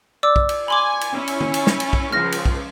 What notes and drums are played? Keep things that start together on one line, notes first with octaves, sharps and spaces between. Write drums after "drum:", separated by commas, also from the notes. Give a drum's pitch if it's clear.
D5 D6 E6
drum: kick
drum: cymbal
G#5 B5 C6 D6
drum: cymbal
C#4 E4
drum: cymbal
drum: tom
drum: cymbal
drum: snare
drum: cymbal
drum: kick
C#2 F3 F6 A#6
drum: cymbal
drum: kick